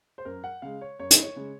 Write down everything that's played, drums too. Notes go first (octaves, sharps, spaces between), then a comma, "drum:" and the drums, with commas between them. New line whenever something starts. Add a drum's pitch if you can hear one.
C5
F#2 A#4
F#5
C#3 G#3 F5
C#5
F#2 C#5
D#5, drum: hi-hat
C#5
C#3 G#3